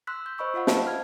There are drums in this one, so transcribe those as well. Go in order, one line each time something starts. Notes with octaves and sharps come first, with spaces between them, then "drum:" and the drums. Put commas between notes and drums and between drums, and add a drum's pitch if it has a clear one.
C6 E6 F#6 B6
G6
C5 D#5 B5 C#6 E6
F4 D#5 F5 F#5
C5 D#5 F5 A5, drum: snare
F#5 F6 G#6